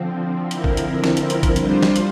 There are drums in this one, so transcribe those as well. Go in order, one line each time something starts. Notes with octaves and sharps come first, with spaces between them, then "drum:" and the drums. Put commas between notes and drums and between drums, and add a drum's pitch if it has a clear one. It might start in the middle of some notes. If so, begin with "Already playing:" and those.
Already playing: D3 F3 C4
D3 F3 C4 E4 A#4, drum: hi-hat
drum: kick
drum: hi-hat
drum: snare
drum: hi-hat
drum: hi-hat
drum: kick, hi-hat
G3 D4 F4 C5, drum: hi-hat
drum: snare
drum: hi-hat